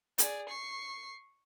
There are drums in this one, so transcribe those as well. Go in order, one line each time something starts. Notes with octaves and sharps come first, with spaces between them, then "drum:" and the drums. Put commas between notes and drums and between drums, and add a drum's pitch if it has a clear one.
G#4 D5, drum: hi-hat
C#6 C7